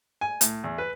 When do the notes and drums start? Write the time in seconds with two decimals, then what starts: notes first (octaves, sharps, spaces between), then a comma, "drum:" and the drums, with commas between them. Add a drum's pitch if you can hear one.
0.21 G#5
0.41 A2, drum: hi-hat
0.64 E2
0.78 B4